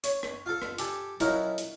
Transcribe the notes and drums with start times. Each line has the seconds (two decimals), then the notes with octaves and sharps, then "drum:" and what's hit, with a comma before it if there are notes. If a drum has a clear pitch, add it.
0.04 C#5, drum: hi-hat
0.23 drum: rim click
0.46 F4 A4
0.62 drum: rim click
0.78 G4 A4 G#5, drum: hi-hat
1.20 F3 F#3 C#4 D#4 E4 A#4, drum: hi-hat
1.58 drum: hi-hat